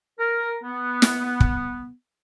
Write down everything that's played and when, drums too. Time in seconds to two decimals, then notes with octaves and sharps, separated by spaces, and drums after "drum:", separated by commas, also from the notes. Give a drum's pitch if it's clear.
0.19 A#4
0.64 B3
1.02 drum: snare
1.40 drum: kick